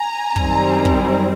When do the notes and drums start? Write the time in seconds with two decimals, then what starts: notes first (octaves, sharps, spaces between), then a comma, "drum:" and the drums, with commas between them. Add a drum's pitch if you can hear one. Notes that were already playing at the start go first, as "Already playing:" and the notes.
Already playing: G#5 A#5
0.36 F#2 D#3 G3 C4, drum: kick
0.85 drum: kick